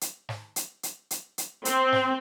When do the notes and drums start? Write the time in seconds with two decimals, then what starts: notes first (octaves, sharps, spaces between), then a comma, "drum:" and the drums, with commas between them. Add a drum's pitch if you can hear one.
0.01 drum: hi-hat
0.29 drum: snare
0.56 drum: hi-hat
0.83 drum: hi-hat
1.11 drum: hi-hat
1.38 drum: hi-hat
1.65 C4, drum: hi-hat
1.92 drum: snare